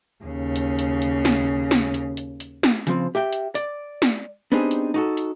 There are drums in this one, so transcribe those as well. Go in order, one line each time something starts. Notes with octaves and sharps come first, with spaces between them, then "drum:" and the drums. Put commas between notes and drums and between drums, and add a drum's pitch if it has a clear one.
D#2 C#3
drum: hi-hat
drum: hi-hat
drum: hi-hat
drum: snare
drum: snare
drum: hi-hat
drum: hi-hat
drum: hi-hat
drum: snare
C#3 F3 C4, drum: hi-hat
G4 E5 G5
drum: hi-hat
D5, drum: hi-hat
drum: snare
B3 C4 D4 D#4 G4 G#4
drum: hi-hat
D#4 F#4 A4
drum: hi-hat